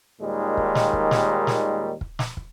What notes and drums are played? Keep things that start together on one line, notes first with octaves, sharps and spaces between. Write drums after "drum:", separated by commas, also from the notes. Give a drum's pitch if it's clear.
D#2 A#2 D#3 G3 G#3
drum: kick
drum: snare
drum: kick
drum: snare
drum: snare
drum: kick
drum: snare
drum: kick